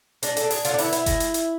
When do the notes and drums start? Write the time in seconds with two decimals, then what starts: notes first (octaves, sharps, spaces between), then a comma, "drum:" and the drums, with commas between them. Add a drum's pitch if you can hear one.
0.23 G#3 D4, drum: hi-hat
0.37 A4, drum: hi-hat
0.44 D4
0.51 G#4, drum: open hi-hat
0.65 D3 F4, drum: hi-hat
0.74 D4
0.78 E4, drum: open hi-hat
0.85 B3
0.93 E4, drum: hi-hat
1.06 G#3, drum: kick F#1, hi-hat
1.20 drum: hi-hat
1.34 drum: hi-hat